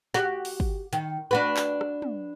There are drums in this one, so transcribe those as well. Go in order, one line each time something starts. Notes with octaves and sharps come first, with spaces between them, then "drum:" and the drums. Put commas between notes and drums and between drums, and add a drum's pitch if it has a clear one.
F#4 G4, drum: snare
drum: open hi-hat
drum: kick
D#3, drum: hi-hat
D4 F#4 B4
drum: clap
drum: rim click
drum: tom